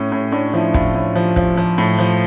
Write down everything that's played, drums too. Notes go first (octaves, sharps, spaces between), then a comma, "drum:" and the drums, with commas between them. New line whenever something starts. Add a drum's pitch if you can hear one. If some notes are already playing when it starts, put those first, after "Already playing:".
Already playing: A2 C#4
A2 C#4
A2 D4
F3 E4
A2 F4, drum: kick
A2
F3
F3, drum: kick
F3
A2
F3